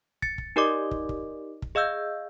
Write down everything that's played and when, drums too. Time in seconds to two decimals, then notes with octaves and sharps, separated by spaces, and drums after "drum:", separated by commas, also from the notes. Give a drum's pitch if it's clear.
0.22 A6 C#7, drum: kick
0.38 drum: kick
0.56 D#4 G4 A#4 D5 D#5 D6
0.91 drum: kick
1.09 drum: kick
1.62 drum: kick
1.75 G#4 D#5 F5 E6 G6